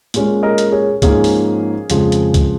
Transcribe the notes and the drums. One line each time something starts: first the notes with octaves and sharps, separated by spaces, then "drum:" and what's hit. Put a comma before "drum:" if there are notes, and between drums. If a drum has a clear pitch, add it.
A#2 G#3 C#4, drum: hi-hat
A#4 D#5
drum: hi-hat
G#4 C#5
G#2 F3 A#3 C#4 G#4, drum: kick C#2, hi-hat
drum: open hi-hat
F2 C#3 F3 G#3, drum: hi-hat
drum: hi-hat
drum: kick C#2, hi-hat